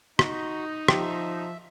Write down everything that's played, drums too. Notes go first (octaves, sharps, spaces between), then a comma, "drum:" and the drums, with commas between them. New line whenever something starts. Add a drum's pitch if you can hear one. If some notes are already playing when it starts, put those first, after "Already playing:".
D#4 F#4, drum: rim click
F3 G4 E5, drum: rim click